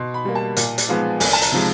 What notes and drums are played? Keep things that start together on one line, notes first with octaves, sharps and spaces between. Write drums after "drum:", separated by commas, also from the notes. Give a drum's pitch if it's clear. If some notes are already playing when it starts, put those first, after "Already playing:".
Already playing: B2 C6
B5
G3 A#3
A5
A#2, drum: hi-hat
drum: hi-hat
F3 G#3 B3
C2 G#5, drum: open hi-hat
A5
A#5, drum: hi-hat
C3 F3 G#3